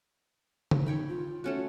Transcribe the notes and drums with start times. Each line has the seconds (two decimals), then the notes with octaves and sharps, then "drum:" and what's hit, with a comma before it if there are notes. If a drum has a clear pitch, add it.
0.71 drum: tom C#3
0.86 D#4 C#5 G5 B5
1.08 F4
1.44 A3 C#4 F#4